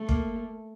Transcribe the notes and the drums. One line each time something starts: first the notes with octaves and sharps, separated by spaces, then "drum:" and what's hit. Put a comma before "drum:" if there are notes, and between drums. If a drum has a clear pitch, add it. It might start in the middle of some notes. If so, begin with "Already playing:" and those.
Already playing: A3
A#3, drum: kick